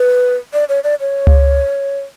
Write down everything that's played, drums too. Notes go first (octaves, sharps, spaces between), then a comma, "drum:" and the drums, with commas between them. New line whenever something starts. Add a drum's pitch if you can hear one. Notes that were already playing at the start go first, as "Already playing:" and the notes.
Already playing: B4
D5
C#5
D5
C#5
drum: tom C#2